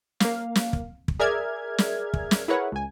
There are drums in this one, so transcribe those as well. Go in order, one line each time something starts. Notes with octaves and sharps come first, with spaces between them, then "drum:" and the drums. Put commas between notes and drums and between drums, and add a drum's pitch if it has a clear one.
A#3 F5, drum: snare
drum: snare
drum: kick
drum: kick
G#4 A#4 D5 E5 F6 G#6
drum: snare
drum: kick
drum: snare
E4 G#4 A#4 B4 C#5 F#5
C#2 G#5